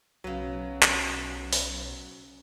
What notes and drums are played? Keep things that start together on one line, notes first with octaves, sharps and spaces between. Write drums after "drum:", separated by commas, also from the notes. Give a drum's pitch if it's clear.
B1 C#3 F#3 B4
drum: clap
drum: open hi-hat